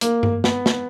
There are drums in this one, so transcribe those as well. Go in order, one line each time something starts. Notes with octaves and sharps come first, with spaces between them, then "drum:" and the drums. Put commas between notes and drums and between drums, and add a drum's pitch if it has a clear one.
A#3, drum: hi-hat
drum: tom G2
B3, drum: snare
drum: snare